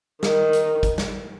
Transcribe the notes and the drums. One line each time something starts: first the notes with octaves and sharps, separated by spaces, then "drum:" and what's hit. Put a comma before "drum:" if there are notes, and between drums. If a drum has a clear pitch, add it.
D#3, drum: snare
drum: hi-hat
drum: kick, hi-hat
drum: snare